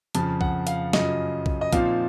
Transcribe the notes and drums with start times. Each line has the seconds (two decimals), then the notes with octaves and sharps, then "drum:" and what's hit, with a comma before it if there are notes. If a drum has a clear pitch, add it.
0.15 F2 C#3 F3 A5, drum: hi-hat
0.41 F#5, drum: kick B1
0.67 F5, drum: hi-hat
0.93 F#2 C#3 F3 D#5, drum: snare
1.46 drum: kick B1
1.61 D#5
1.73 A#2 F3 C4 D#4 F5, drum: kick B1, hi-hat